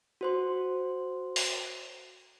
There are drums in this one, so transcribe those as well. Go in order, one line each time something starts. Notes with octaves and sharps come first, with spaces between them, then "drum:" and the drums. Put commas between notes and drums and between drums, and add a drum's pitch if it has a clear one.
F#4 C5 C6
drum: open hi-hat